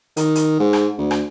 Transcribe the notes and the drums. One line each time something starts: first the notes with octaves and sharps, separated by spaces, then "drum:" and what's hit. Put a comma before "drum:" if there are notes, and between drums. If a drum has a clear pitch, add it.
D#3, drum: hi-hat
drum: hi-hat
G#2
drum: rim click
D2
drum: rim click